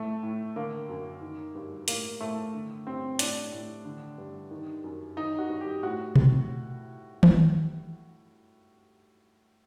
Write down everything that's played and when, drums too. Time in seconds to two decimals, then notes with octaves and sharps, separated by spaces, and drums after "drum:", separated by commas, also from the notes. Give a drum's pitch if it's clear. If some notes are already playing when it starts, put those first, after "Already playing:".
Already playing: A2 A3
0.23 A2
0.56 D3 A#3
0.89 F#2
1.21 D#3
1.55 G2
1.88 A2 A#3, drum: hi-hat
2.21 A2 A3
2.54 D3
2.86 G2 C4
3.19 A2 D4, drum: hi-hat
3.52 A2
3.85 D3
4.18 G2
4.51 D#3
4.84 F#2
5.17 D#3 D#4
5.38 F#4
5.50 G2
5.61 G4
5.83 A2 F#4
6.16 A2, drum: tom B2
7.23 drum: tom D#3